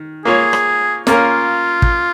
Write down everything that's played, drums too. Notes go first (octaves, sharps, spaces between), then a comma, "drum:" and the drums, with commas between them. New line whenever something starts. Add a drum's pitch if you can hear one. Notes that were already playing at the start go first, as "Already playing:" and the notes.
Already playing: D#3
A#3 F4 G#4 C#5
drum: rim click
A#3 C#4 F4 A#4, drum: snare
drum: kick